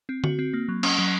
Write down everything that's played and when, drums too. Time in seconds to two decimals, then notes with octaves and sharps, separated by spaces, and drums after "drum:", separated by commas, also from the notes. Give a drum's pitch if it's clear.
0.09 C4
0.24 F#4, drum: tom D3
0.39 C4
0.53 A#3
0.69 F#3
0.83 C#4, drum: cymbal
0.99 F#3